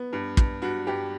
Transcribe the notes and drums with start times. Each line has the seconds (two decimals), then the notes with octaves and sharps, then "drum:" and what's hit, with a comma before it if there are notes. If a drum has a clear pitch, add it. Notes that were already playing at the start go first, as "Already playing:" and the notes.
Already playing: B3
0.13 G2
0.37 G2, drum: kick
0.62 G2 F#4
0.87 G2 G4